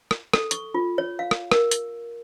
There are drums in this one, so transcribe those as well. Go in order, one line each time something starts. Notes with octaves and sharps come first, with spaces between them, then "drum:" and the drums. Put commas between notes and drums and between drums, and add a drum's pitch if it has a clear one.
drum: rim click
A4, drum: rim click
C#6, drum: hi-hat
F4
C#5
F5
drum: rim click
A#4, drum: rim click
drum: hi-hat